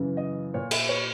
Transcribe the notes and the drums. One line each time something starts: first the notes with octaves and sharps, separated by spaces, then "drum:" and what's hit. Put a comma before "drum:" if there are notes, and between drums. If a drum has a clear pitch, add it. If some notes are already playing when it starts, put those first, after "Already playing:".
Already playing: F#2 C#3 E3
D#5
A#2 C#5
E5, drum: cymbal
C#5